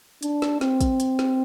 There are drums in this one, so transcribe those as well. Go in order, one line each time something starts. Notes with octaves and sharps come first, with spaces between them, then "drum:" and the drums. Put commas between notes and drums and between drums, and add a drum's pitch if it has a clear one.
D4, drum: hi-hat
drum: snare
C4, drum: snare
drum: kick, hi-hat
drum: hi-hat
drum: snare